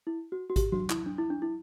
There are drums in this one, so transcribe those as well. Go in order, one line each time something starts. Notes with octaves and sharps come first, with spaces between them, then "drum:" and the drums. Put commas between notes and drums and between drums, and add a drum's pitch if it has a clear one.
E4
F#4
F#4
G4, drum: kick G#1, hi-hat
F#4, drum: tom F#3
E4, drum: clap
D4
E4
D4
E4